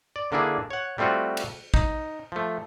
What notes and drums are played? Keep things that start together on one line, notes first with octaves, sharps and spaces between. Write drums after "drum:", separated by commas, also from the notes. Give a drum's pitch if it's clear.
D5
D3 A#3 D4 E4 G#4
C#5 F#5
G3 A3 C4 F4 F#4
drum: cymbal
D#4, drum: kick A1
F3 A3